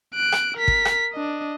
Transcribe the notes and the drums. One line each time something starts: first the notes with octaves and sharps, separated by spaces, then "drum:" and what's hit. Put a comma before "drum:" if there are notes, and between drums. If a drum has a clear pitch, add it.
F#6 D7
drum: rim click
A#4 B6
drum: kick
drum: rim click
D4 D#5